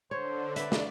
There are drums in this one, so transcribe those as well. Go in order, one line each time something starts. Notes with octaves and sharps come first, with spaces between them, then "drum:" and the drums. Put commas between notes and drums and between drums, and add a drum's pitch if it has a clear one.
D3 C5 C#5
B4 D5 E5, drum: hi-hat
drum: snare